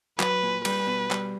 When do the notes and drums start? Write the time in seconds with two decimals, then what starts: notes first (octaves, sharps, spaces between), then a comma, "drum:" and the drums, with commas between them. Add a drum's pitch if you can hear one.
0.20 F#3 B4, drum: clap
0.43 A#2
0.65 G3 B4, drum: cymbal
0.87 B2
1.11 G3, drum: clap